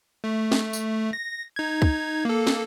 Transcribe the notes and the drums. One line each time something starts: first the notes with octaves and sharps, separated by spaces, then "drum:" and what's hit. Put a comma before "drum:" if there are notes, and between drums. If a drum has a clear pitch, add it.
A3
drum: snare
drum: tambourine
A#6
D#4 G#6
drum: kick
A#3 A4
drum: snare